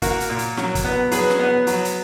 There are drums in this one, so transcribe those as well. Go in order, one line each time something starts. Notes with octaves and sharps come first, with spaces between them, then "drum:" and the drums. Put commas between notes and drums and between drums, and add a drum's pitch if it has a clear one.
A#3 F#4 A#4, drum: kick, hi-hat
drum: hi-hat
A#2
drum: hi-hat
F#3, drum: snare
drum: kick, hi-hat
B3
F#3 G#4 B4, drum: hi-hat
drum: snare
B3
F#3, drum: hi-hat
drum: hi-hat